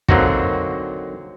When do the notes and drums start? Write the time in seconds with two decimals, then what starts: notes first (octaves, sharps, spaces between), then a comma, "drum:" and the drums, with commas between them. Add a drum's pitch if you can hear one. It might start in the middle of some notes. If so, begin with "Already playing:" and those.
0.08 D3 F#3 A#3 C4 D#4 F#4, drum: kick